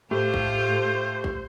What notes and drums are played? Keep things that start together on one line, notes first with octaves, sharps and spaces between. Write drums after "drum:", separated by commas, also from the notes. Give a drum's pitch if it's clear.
A2 A3 F4 G4 C5
drum: kick A1
drum: kick A1